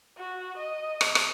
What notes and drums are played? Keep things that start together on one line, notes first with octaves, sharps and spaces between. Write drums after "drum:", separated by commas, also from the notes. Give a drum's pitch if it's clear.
F#4
D#5
drum: rim click
drum: rim click